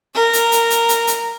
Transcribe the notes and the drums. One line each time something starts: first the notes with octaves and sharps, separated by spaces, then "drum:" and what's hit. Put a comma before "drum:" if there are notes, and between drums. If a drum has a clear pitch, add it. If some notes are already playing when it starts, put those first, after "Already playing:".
A#4
drum: hi-hat
drum: hi-hat
drum: hi-hat
drum: hi-hat
drum: hi-hat